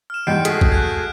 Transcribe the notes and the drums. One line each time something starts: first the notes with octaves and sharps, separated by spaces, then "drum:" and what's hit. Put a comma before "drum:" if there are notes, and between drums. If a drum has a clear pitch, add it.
F6 E7
E2 G#2 G3 G6 C7 D7
A3 F#4 G#4 G#5 B6, drum: hi-hat
drum: kick
F#6 G#6